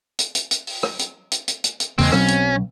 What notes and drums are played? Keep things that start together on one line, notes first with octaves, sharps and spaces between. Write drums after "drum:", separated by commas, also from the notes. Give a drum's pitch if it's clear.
drum: hi-hat
drum: hi-hat
drum: hi-hat
drum: open hi-hat
drum: rim click
drum: hi-hat
drum: hi-hat
drum: hi-hat
drum: hi-hat
drum: hi-hat
E2 C#3 G#3 A#3 C4, drum: open hi-hat
B1 B2 F#3 C4 C#4, drum: rim click
drum: hi-hat